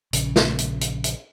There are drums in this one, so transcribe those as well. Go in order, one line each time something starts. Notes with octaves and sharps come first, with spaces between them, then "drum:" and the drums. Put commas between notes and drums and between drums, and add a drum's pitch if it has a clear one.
A#1 C#3, drum: hi-hat
drum: snare
drum: hi-hat
drum: hi-hat
drum: hi-hat